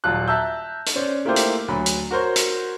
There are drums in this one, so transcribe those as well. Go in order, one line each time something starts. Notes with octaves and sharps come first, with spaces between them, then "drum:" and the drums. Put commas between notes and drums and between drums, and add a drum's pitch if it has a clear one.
D#1 F#3 F4 A5 F#6
E5 A5 A#5 E6 G6
drum: hi-hat
C#4 C5 D5
A3 A#3 E4 F4 G4 C5
drum: hi-hat
D2 F#3 B5
drum: hi-hat
F#4 A#4 C5 C#5
drum: hi-hat